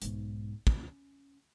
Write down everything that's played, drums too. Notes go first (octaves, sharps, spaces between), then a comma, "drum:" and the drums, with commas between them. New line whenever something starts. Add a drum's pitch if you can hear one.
B1 G#2, drum: hi-hat
C#4, drum: kick